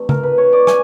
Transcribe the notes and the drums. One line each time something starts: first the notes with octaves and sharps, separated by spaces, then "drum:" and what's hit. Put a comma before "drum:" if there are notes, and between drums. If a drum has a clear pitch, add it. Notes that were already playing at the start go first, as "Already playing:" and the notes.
Already playing: C3 E3 A3 D4
A#4, drum: tom C#3
B4
C#5
D5
G#5, drum: rim click